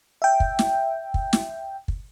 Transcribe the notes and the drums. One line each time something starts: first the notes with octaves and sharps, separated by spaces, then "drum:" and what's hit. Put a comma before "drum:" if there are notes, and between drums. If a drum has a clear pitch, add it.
E5 G5
drum: kick
drum: snare
drum: kick
drum: snare
drum: kick